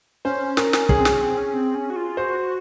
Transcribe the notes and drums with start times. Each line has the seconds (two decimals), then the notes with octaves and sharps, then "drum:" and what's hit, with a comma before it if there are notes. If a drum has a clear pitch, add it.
0.25 C#4 C5
0.57 A#4, drum: snare
0.73 drum: snare
0.89 C#4 G#4, drum: kick
0.99 C4
1.05 C#4, drum: snare
1.21 C4
1.37 C#4
1.54 C4
1.75 C#4
1.90 F#4
1.96 F4
2.17 F#4 C5